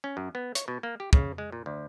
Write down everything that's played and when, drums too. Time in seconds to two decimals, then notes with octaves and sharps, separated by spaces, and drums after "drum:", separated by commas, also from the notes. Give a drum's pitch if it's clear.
0.04 C#4
0.17 F#2
0.35 B3
0.55 C#5, drum: hi-hat
0.68 B2
0.83 A#3
1.00 G4
1.13 C#3, drum: kick
1.38 G#3
1.52 A#2
1.66 D2